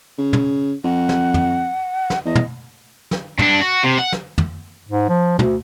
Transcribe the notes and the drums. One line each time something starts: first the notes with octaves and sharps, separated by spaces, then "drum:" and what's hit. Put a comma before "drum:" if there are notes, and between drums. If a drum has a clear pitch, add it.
C#3
drum: tom
F2 F#5
drum: snare
drum: tom
drum: snare
E2 D#5
drum: tom
drum: snare
G2 D4, drum: tom
F#4
C3
F#5
drum: snare
drum: tom
G#2
F3
D2, drum: tom